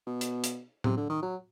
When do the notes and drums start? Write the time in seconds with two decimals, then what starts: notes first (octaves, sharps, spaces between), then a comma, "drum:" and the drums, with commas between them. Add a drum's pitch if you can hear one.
0.07 B2
0.21 drum: hi-hat
0.44 drum: hi-hat
0.84 C3, drum: tom A2
0.97 D3
1.10 D#3
1.22 F#3